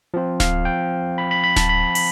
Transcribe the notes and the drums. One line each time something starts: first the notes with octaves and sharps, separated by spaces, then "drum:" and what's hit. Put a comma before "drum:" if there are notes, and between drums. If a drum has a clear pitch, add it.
F3 C4 F4
F5, drum: snare D1
G5
B5
B5
B5
A5, drum: snare D1
B5
B5, drum: open hi-hat